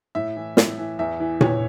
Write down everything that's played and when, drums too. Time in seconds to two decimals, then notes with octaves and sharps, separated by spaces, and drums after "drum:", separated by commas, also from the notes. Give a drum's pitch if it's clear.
0.15 A2 E5
0.37 E3
0.57 A2, drum: snare
0.78 E3
0.99 E2 E5
1.20 E3
1.41 E2 C#5, drum: tom A#2